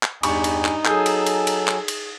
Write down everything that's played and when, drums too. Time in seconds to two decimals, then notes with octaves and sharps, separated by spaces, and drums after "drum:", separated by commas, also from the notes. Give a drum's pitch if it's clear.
0.03 drum: clap
0.23 E2 G2 D#4 G4 G#5 C#6, drum: cymbal
0.44 drum: cymbal
0.65 drum: clap
0.85 F#3 G#4 A4 G#5 D#6 G6, drum: clap
1.06 drum: cymbal
1.27 drum: cymbal
1.47 drum: cymbal
1.68 drum: clap
1.88 drum: cymbal